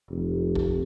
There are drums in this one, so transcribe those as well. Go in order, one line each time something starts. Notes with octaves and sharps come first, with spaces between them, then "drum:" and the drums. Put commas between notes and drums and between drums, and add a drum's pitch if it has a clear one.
F1
drum: kick A#1